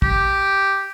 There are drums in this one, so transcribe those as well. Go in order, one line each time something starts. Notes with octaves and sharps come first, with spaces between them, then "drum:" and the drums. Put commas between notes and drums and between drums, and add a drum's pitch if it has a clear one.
G4, drum: kick